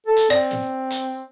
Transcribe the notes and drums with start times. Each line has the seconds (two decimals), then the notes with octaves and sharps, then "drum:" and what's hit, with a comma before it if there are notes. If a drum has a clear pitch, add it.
0.07 A4
0.17 drum: hi-hat
0.30 C4 D5
0.51 drum: snare
0.90 drum: hi-hat